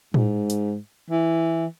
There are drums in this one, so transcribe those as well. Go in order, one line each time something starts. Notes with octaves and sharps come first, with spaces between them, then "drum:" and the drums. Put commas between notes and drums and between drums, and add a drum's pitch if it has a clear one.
G#2, drum: tom A2
drum: hi-hat
E3